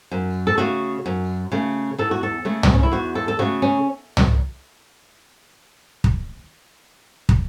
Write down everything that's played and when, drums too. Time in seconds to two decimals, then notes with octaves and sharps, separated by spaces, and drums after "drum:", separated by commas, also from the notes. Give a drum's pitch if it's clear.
0.11 F#2
0.47 A4
0.58 C#3 A3 F#4
1.06 F#2
1.52 C#3 A3
1.98 E2 A4
2.11 F#4
2.23 A4
2.45 C#3 A3
2.63 B3, drum: tom
2.73 C#4
2.83 E4
2.92 E2 F#4
3.15 A4
3.28 A4
3.39 C#3 A3 F#4
3.62 C#4
4.17 drum: tom
6.04 drum: kick
7.29 drum: kick